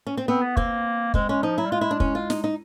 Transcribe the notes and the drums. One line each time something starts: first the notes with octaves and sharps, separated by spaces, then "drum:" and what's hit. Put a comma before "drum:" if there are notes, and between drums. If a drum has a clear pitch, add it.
C#4
C4
B3 C4
B3
A#3 C4, drum: kick
G#3 C4, drum: kick
G#3 C#4
F3 D#4
F#3 E4
G3
G#3 F4
E4
D4
C#4, drum: kick
F4
D#4, drum: snare
D#4